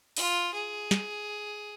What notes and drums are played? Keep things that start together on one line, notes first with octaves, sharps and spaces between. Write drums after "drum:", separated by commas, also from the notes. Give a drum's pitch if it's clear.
F4, drum: open hi-hat
G#4
drum: snare